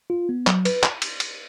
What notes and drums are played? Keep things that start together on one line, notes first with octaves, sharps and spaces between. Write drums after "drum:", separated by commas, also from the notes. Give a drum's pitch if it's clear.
F4
B3
F#3, drum: clap
B4, drum: cymbal
drum: clap
drum: cymbal
drum: cymbal